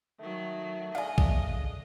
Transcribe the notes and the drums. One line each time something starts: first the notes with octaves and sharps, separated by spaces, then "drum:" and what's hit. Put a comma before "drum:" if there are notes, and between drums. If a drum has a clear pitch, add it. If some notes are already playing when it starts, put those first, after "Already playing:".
D#3 F#3 A3
D4 G#4 D#5 F5 G#5
drum: kick A#1